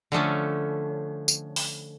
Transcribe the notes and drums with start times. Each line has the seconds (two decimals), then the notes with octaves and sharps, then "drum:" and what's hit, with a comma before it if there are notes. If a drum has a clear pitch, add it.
0.12 D3 F3 A3 C#4
1.28 drum: tambourine
1.56 drum: open hi-hat